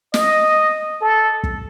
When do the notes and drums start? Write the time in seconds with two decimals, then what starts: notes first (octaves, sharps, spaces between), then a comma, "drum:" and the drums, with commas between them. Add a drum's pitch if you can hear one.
0.14 D#5, drum: snare
1.01 A4
1.44 drum: kick